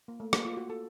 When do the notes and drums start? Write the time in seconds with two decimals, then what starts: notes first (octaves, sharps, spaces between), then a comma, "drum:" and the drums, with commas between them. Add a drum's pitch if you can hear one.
0.08 A#3
0.20 A3
0.33 A#3, drum: rim click
0.45 F4
0.57 F#4
0.70 A4